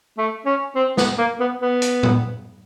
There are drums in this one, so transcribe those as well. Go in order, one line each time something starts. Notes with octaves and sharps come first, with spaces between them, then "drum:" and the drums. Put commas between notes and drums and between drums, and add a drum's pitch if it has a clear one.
A3
C#4
C4
B3, drum: snare
A#3
B3
B3
drum: hi-hat
drum: tom